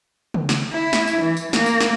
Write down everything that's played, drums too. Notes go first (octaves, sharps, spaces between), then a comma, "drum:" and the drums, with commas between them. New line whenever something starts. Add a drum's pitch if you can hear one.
drum: tom C#3
drum: snare
E4
drum: snare
drum: tambourine
E3
drum: tambourine
A#3, drum: snare
drum: tambourine
drum: snare